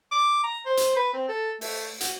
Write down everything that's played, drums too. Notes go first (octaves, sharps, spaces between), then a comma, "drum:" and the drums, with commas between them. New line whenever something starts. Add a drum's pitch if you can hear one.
D6
A#5
C5
drum: hi-hat
B4
C4
A4
A3, drum: open hi-hat
F#4, drum: hi-hat